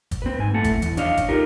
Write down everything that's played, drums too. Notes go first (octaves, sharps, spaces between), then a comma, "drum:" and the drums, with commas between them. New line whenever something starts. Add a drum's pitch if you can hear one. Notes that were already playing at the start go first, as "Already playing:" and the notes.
drum: kick, hi-hat
C4 B4
G#2 G#5
A2 A3 F#5 A5
drum: kick, hi-hat
E2, drum: hi-hat
D4 C#5 D#5 F5, drum: hi-hat
drum: kick, hi-hat
D#4 F4 G4 A4 A#4